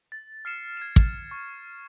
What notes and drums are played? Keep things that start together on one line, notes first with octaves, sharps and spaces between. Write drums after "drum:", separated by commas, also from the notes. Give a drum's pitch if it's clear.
A6
F6 C7 C#7 E7
G#6 C7 E7
drum: kick
C#6